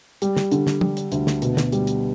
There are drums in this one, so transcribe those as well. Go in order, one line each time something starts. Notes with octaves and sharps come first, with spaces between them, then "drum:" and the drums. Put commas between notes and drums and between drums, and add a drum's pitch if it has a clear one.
G3, drum: hi-hat
drum: snare
D3, drum: hi-hat
drum: snare
G3, drum: tom
drum: hi-hat
D2, drum: hi-hat
drum: snare
B2, drum: hi-hat
drum: snare
G3, drum: hi-hat
drum: hi-hat